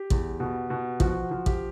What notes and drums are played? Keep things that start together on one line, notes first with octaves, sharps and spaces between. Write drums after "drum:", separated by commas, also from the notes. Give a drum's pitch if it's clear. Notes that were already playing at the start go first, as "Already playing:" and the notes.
Already playing: G4
E2, drum: kick
B2
B2
F3 F#4, drum: kick
F3
G4, drum: kick